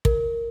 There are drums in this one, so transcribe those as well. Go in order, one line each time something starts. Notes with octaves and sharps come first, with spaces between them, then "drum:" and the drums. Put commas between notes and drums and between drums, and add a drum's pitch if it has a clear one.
A#4, drum: kick